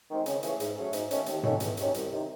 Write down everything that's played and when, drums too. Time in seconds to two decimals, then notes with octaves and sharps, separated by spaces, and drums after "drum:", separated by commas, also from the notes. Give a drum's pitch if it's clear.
0.09 D#3 G#3 C4
0.26 C#3, drum: hi-hat
0.43 E3 A3 C#4 G#4, drum: hi-hat
0.60 G#2, drum: hi-hat
0.76 F#3 A3 C#4 G#4
0.93 G#2, drum: hi-hat
1.11 D#3 A3 C#4, drum: hi-hat
1.26 D#2, drum: hi-hat
1.43 D#3 A3 C#4, drum: tom G#2
1.60 E2, drum: hi-hat
1.77 C3 D#3 F#3 C#4, drum: hi-hat
1.94 C2, drum: hi-hat
2.11 C3 D#3